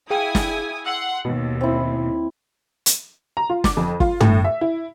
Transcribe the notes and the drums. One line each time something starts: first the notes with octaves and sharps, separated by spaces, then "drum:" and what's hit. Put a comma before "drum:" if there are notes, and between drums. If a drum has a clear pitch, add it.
E4 G#4 F5 G5 G#5 D#6
drum: snare
F#5 C6 E6
D#2 B2
C4 E4
drum: hi-hat
A#5
F4
D6, drum: snare
F2
F4, drum: kick
A2, drum: tom
E5
E4